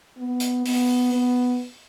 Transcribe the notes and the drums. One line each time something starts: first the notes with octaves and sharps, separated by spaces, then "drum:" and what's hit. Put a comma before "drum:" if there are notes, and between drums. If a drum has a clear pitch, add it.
B3
drum: hi-hat
B3, drum: open hi-hat
B3